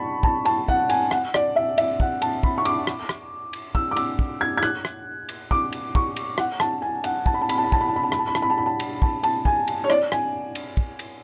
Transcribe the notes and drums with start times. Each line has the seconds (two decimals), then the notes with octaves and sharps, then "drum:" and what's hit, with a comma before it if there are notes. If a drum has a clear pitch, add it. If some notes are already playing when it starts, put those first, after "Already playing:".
Already playing: A5 B5 C#6
0.23 A5, drum: kick
0.45 A5, drum: cymbal
0.68 F#5, drum: kick
0.89 G#5, drum: cymbal
1.11 F#5, drum: rim click
1.34 D5, drum: rim click
1.56 E5
1.78 E5, drum: cymbal
2.00 F#5, drum: kick
2.22 A5, drum: cymbal
2.43 B5, drum: kick
2.58 C#6
2.65 D6, drum: cymbal
2.87 drum: rim click
3.09 drum: rim click
3.53 drum: cymbal
3.75 E6, drum: kick
3.91 D6
3.96 E6, drum: cymbal
4.19 drum: kick
4.41 G#6
4.57 G#6
4.63 F#6, drum: rim click
4.85 drum: rim click
5.29 drum: cymbal
5.51 D6, drum: kick
5.73 drum: cymbal
5.95 C#6, drum: kick
6.16 drum: cymbal
6.38 F#5, drum: rim click
6.60 A5, drum: rim click
6.82 G#5
7.04 F#5, drum: cymbal
7.26 A5, drum: kick
7.34 B5
7.41 A5
7.49 B5, drum: cymbal
7.58 A5
7.64 B5
7.72 A5, drum: kick
7.81 B5
7.88 A5
7.96 B5
8.03 A5
8.12 B5, drum: rim click
8.19 A5
8.27 B5
8.35 A5, drum: rim click
8.42 B5
8.50 A5
8.58 B5
8.66 A5
8.80 drum: cymbal
9.02 A5, drum: kick
9.23 A5, drum: cymbal
9.45 G#5, drum: kick
9.67 drum: cymbal
9.84 C#5
9.90 D5, drum: rim click
10.12 G#5, drum: rim click
10.55 drum: cymbal
10.77 drum: kick
10.99 drum: cymbal